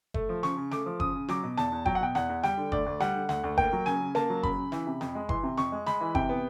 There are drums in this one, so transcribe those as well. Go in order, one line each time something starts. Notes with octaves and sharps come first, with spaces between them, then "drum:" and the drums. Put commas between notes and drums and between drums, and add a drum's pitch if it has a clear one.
A3, drum: kick F#1
F3
C#3 C#6, drum: snare
C#3
A3 D6, drum: snare
F3
C#3 D#6, drum: kick F#1
C#3
F#3 D6, drum: snare
B2
E2 A5, drum: snare
E2
F#3 G5, drum: kick F#1
F#5
B2 G5
E2 F#5, drum: snare
E2
G3 G5, drum: snare
D3
D2 D5, drum: kick F#1
D2
G3 F#5, drum: snare
D3
D2 F#5, drum: snare
D2
A#3 G5, drum: kick F#1
F#3
C#3 G#5, drum: snare
C#3
A#3 A5, drum: snare
F#3
C#3 B5, drum: kick F#1
C#3
E3, drum: snare
C3
F2, drum: snare
G#3
E3 C6, drum: kick F#1
C3
F2 C#6, drum: snare
G#3
G#3 B5, drum: snare
E3
C3 G5, drum: kick F#1
B3